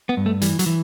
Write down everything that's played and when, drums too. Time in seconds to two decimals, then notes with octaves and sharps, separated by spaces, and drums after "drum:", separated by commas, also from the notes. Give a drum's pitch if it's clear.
0.09 B3
0.17 G2
0.26 A3
0.42 E3 G3, drum: hi-hat
0.59 F#3, drum: hi-hat
0.66 E3